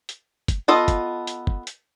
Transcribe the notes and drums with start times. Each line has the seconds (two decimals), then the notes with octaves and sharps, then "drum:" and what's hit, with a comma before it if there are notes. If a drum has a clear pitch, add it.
0.09 drum: hi-hat
0.48 drum: kick, hi-hat
0.68 B3 F4 A4 D#5
0.88 drum: kick, hi-hat
1.27 drum: hi-hat
1.47 drum: kick
1.67 drum: hi-hat